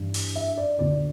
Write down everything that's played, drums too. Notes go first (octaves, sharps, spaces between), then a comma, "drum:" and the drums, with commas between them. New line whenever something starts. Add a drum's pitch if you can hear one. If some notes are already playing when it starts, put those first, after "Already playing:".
Already playing: G2 E3
drum: open hi-hat
E5
D5
D2 D3 D5